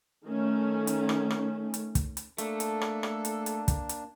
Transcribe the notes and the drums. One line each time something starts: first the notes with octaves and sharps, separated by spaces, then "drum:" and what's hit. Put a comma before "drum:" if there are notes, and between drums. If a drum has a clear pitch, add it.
D#3 A3 C#4
drum: hi-hat
drum: rim click
drum: rim click
drum: hi-hat
drum: kick, hi-hat
drum: hi-hat
A3 A#3 D4 A4, drum: hi-hat
drum: hi-hat
drum: rim click
drum: rim click
drum: hi-hat
drum: hi-hat
drum: kick, hi-hat
drum: hi-hat